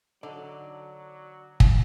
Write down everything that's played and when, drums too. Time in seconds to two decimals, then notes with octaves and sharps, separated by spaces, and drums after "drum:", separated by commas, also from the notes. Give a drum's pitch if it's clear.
0.23 D3 F#3 D4 D#4 A4 D5
1.60 drum: kick